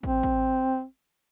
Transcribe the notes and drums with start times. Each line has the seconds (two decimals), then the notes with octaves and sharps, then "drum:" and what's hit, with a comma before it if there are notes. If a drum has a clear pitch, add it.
0.03 C4, drum: kick
0.23 drum: kick